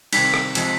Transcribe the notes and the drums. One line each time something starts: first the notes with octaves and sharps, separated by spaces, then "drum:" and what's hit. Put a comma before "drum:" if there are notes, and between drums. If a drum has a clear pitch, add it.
C3 D#3 G3 B6, drum: cymbal
drum: rim click
C3 F3 G#3, drum: cymbal